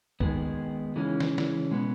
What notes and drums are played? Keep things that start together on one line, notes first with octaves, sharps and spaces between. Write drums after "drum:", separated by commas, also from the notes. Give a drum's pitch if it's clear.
D#3 G#3 B3, drum: kick
C#3 E3 G#3 C#4 G#4
drum: snare
drum: snare
B2 G#3 B3